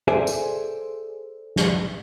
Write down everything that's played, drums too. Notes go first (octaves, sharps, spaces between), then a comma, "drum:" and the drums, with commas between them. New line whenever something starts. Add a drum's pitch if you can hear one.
G#4 A4 C5 D5 E5 G#5
drum: tambourine
drum: snare